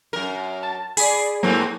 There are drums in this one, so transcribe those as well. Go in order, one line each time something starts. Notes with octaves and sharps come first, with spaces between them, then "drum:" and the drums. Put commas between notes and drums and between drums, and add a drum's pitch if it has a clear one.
F#2 A#4
A5
G#4 D5 B5, drum: open hi-hat
G#2 F#3 A#3 C4 A#4